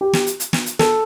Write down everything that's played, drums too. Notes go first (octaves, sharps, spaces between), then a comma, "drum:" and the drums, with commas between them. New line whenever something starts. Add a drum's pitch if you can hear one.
G4
drum: snare
drum: hi-hat
drum: hi-hat
drum: snare
drum: hi-hat
A4, drum: snare